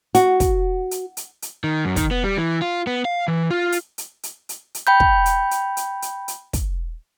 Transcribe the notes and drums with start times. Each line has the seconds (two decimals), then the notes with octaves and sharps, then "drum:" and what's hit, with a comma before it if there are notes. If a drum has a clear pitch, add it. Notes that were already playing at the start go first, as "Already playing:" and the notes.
0.15 F#4, drum: hi-hat
0.40 drum: kick, hi-hat
0.91 drum: hi-hat
1.17 drum: hi-hat
1.42 drum: hi-hat
1.64 D#3
1.85 F#2
1.96 D#3, drum: kick, hi-hat
2.11 B3
2.24 G3
2.38 E3
2.62 F4
2.87 B3
3.05 F5
3.28 E3
3.51 F4
3.72 drum: hi-hat
3.98 drum: hi-hat
4.23 drum: hi-hat
4.49 drum: hi-hat
4.75 drum: hi-hat
4.87 G5 B5 G6
5.00 drum: kick
5.26 drum: hi-hat
5.51 drum: hi-hat
5.77 drum: hi-hat
6.02 drum: hi-hat
6.28 drum: hi-hat
6.53 drum: kick, hi-hat